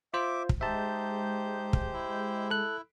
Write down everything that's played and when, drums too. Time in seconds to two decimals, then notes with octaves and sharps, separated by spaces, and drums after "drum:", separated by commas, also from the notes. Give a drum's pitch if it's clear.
0.14 F4 C5 E5 D6
0.49 drum: kick
0.61 G#3 D#4 G4 C5 E5 A5 G6
1.73 drum: kick
1.93 E4
2.51 A4 F#6